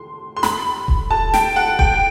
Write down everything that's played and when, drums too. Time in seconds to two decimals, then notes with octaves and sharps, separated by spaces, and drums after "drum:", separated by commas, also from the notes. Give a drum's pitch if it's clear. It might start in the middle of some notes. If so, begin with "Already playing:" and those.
Already playing: C6
0.37 C6
0.43 B5, drum: snare
0.88 drum: kick D#1
1.11 A5
1.34 G5, drum: snare
1.56 F#5
1.79 G5, drum: kick D#1